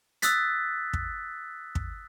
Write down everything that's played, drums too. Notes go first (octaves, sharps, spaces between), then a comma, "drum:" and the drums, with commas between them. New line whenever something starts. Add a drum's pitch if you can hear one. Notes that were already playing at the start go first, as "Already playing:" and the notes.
D#6 E6 F#6 A6 B6, drum: hi-hat
drum: kick
drum: kick